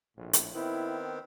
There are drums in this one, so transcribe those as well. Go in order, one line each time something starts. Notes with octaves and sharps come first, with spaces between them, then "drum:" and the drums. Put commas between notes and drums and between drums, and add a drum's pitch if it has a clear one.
A#1 A2
drum: hi-hat
D#3 B3 C4 E4